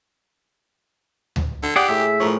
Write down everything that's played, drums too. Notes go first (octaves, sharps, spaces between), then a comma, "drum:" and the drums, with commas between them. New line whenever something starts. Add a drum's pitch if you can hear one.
drum: tom D2
D3
G4 G#4 D5 F#5
A2 G#4 E5
A2 F3 A#4 C#5